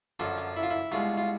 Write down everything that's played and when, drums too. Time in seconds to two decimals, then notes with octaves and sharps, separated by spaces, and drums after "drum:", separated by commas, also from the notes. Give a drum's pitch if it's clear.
0.19 F#2 D3 F3 F4, drum: hi-hat
0.38 drum: hi-hat
0.56 E4
0.63 F4
0.70 E4
0.92 C2 B2 G#3 F4, drum: hi-hat
1.17 F4